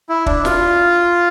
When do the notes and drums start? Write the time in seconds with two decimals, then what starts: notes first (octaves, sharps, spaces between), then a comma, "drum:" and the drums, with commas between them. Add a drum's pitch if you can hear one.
0.09 E4
0.26 D4, drum: kick
0.45 F4, drum: snare